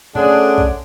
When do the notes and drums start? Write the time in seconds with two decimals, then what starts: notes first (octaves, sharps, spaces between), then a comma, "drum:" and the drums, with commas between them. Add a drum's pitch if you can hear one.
0.15 D3 A3 C#4 D4 G#4, drum: tom A#2
0.58 drum: kick A#1